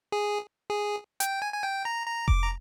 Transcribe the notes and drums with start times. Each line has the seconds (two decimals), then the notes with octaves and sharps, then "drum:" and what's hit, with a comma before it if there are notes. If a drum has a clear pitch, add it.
0.12 G#4
0.70 G#4
1.20 G5, drum: hi-hat
1.42 G#5
1.53 G#5
1.63 G5
1.85 A#5
2.07 A#5
2.28 D6, drum: kick F1
2.43 A#5